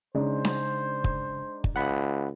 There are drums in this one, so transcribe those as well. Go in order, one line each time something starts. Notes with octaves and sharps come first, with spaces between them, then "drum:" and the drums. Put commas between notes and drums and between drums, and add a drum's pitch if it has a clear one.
C#3 G#3 D4 D#4 C5
drum: snare C#4
drum: kick
drum: kick
C#2 F#5 B5